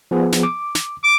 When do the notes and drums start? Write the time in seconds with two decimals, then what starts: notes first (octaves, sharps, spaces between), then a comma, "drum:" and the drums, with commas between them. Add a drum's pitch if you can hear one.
0.11 F3 B3 G#4
0.32 drum: snare
0.43 D6
0.75 drum: snare
1.04 D6